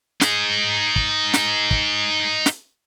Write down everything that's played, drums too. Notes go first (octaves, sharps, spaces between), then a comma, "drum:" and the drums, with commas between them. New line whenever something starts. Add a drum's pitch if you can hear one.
D#4 G#4, drum: snare
drum: kick
drum: snare
drum: kick
drum: snare